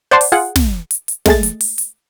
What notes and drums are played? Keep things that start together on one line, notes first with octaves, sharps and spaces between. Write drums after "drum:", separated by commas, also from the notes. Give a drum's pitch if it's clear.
C5 D5 F#5 A5 C6
drum: open hi-hat
F4 G#4 F#5
drum: snare
drum: hi-hat
drum: hi-hat
G#3 A3 G#4 A6, drum: snare
drum: hi-hat
drum: open hi-hat
drum: hi-hat